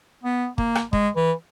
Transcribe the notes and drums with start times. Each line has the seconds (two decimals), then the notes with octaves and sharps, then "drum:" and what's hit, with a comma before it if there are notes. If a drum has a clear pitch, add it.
0.23 B3
0.58 A#3, drum: kick
0.75 drum: rim click
0.93 G#3, drum: kick
1.16 E3